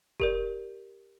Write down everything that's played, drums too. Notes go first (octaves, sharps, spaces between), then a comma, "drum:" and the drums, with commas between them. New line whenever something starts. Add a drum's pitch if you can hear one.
G4 A#4 D5, drum: kick F1